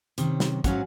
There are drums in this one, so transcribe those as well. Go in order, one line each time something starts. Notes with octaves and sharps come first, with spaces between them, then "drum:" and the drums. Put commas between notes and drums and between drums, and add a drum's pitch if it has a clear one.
C3 D#3 C#4, drum: hi-hat
drum: snare
G#2 F#3 C4 C#4 F5 F#5, drum: kick, hi-hat